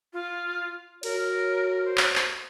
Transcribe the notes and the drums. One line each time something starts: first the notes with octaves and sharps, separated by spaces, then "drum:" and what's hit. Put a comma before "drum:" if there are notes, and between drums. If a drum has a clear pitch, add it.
F4
F#4 A#4 C#5, drum: cymbal
C5
drum: clap
drum: clap